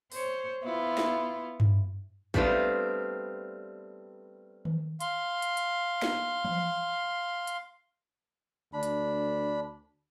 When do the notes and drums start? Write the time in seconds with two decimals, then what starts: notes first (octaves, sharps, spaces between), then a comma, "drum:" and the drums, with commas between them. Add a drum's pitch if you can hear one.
0.12 C5 C#5, drum: open hi-hat
0.63 B3 E4 F4
0.97 drum: snare
1.60 drum: tom G2
2.34 G3 A3 B3 C4 D4 F4, drum: kick
4.65 drum: tom D#3
5.00 F5 C6, drum: hi-hat
5.42 drum: hi-hat
5.57 drum: hi-hat
6.02 drum: snare
6.45 drum: tom E3
7.47 drum: hi-hat
8.73 D2 D4 B5
8.83 drum: hi-hat